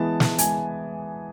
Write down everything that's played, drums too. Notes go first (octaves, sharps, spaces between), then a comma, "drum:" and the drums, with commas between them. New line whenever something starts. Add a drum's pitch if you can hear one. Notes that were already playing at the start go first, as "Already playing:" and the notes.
Already playing: E3 G#3 B3 A5
drum: snare
G#5, drum: hi-hat